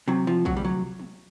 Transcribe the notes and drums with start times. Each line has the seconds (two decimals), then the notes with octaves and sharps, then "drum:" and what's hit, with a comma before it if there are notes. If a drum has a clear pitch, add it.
0.08 C3 F#3
0.27 F3
0.45 D2 F#3, drum: kick A#1
0.57 G3
0.65 F#3
0.99 drum: tom